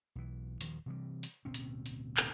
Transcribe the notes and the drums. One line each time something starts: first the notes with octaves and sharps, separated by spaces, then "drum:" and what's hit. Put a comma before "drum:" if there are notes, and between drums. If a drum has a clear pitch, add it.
B1 E3
D#1 D#3 F3, drum: hi-hat
C3 E3 G3
drum: hi-hat
D1 B2 C4 C#4
drum: hi-hat
drum: hi-hat
drum: clap